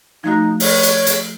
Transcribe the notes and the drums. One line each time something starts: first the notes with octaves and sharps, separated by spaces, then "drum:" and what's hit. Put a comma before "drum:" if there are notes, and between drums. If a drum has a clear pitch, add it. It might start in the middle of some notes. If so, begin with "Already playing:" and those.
F3 A3 D#4 F#4
C#5, drum: open hi-hat
drum: hi-hat
drum: hi-hat